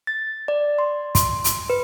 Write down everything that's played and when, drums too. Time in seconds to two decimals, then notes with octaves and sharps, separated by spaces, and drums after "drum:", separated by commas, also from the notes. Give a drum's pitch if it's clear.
0.07 A6
0.48 D5
0.79 C6
1.15 C6, drum: kick, hi-hat
1.44 drum: hi-hat
1.70 B4